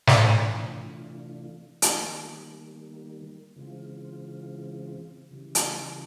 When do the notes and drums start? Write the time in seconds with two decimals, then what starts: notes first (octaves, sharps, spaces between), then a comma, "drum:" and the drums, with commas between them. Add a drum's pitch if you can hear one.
0.07 C3 E3 A3 D4 F4, drum: snare
1.82 D#3 G3 A#3, drum: hi-hat
3.56 C#3 E3 G#3 C4 F4
5.31 C#3 E3 G3
5.55 drum: hi-hat